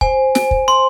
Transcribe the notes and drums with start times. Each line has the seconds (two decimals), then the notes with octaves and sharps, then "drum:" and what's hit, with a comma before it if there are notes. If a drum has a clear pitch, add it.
0.01 C5 G#5, drum: kick
0.35 G#5, drum: snare
0.51 drum: kick
0.68 C6